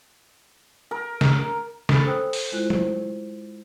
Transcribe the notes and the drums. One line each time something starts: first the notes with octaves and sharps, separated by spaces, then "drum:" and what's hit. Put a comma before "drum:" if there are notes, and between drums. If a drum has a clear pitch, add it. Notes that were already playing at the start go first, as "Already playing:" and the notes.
A#4
drum: snare
A4 G#5 B5 E6 A6, drum: snare
A4 C5 G5 D#6 E6 F#6
drum: open hi-hat
G#3 E4 F4 C5 F#6
C5, drum: tom